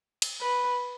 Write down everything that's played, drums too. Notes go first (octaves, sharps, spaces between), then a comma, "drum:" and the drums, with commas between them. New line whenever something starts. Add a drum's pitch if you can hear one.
drum: cymbal
B4